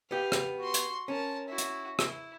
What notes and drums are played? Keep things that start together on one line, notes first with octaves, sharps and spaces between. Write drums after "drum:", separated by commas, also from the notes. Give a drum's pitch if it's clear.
B3 G4 F5
drum: rim click
F#4 C6
drum: hi-hat
C#4 A#4 A5
E4 F#4
drum: hi-hat
E4, drum: rim click